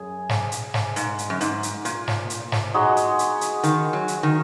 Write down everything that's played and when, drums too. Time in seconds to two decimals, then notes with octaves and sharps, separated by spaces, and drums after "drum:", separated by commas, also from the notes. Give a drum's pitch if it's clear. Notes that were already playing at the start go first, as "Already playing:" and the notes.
Already playing: F#2 G#4
0.29 drum: snare
0.52 drum: hi-hat
0.74 drum: snare
0.96 G#2, drum: hi-hat
1.18 drum: hi-hat
1.30 F#2
1.41 G#2, drum: hi-hat
1.63 drum: hi-hat
1.85 A#2, drum: hi-hat
2.08 drum: snare
2.30 drum: hi-hat
2.52 drum: snare
2.74 G#3 D#4 F#4 D#5
2.97 drum: hi-hat
3.19 drum: hi-hat
3.41 drum: hi-hat
3.63 D#3, drum: hi-hat
3.93 F#3
4.08 drum: hi-hat
4.23 D#3